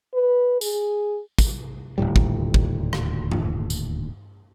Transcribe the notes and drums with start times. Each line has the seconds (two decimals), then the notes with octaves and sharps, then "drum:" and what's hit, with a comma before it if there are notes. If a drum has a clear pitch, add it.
0.14 B4
0.61 G#4, drum: tambourine
1.38 drum: kick, tambourine
1.98 D#1 D2 A2 G3
2.16 drum: kick
2.54 drum: kick
2.93 drum: rim click
3.31 drum: tom G2
3.70 drum: tambourine